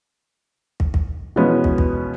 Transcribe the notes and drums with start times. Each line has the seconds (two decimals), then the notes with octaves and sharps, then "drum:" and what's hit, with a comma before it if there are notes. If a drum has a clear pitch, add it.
0.80 drum: kick
0.94 drum: kick
1.36 B2 E3 F3 G#3 B3 C#4
1.64 drum: kick
1.78 drum: kick